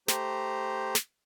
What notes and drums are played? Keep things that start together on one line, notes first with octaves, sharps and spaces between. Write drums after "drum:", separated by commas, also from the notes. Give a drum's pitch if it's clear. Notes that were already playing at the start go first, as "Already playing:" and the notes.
A3 G4 C5 A#5, drum: snare
drum: snare